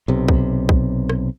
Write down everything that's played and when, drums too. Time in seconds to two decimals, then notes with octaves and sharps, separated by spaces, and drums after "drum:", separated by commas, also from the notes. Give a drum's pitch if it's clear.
0.08 B1 C3
0.28 drum: kick
0.69 drum: kick
1.09 drum: rim click